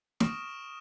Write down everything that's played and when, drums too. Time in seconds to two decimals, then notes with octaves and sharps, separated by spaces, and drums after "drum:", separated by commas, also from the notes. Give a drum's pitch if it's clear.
0.20 C#6 D#6 F6 A#6 D7 E7, drum: snare